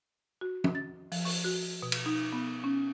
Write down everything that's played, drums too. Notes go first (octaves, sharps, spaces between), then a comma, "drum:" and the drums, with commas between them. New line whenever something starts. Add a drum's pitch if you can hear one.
F#4
drum: tom
A6
F3, drum: open hi-hat
C#6, drum: open hi-hat
F#4
B2
drum: cymbal
D#4
B3
C#4